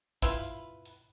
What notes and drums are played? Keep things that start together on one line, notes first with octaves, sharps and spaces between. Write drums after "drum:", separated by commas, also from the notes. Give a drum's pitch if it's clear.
E4 F4 B4, drum: kick
drum: hi-hat
drum: hi-hat